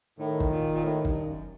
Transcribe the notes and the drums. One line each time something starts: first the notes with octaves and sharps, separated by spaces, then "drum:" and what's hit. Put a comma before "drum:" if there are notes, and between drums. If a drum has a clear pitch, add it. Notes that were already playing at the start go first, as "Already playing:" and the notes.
A2 D#3
drum: kick
A#2
A#2
A2
G2, drum: kick
F#2